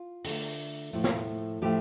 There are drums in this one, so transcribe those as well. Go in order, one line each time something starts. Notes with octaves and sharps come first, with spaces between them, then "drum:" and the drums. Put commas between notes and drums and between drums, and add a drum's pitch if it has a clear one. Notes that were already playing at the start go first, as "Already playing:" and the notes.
Already playing: F4
D3 A3, drum: open hi-hat
A2 F3 A3
drum: snare
A2 F3 A3 G4